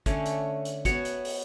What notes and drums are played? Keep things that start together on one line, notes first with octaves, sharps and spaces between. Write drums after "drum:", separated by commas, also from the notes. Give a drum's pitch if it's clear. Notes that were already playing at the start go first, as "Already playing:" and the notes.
D3 A3 C#4, drum: kick, hi-hat
drum: hi-hat
drum: hi-hat
B3 F#4 C#5, drum: kick, hi-hat
drum: hi-hat
drum: open hi-hat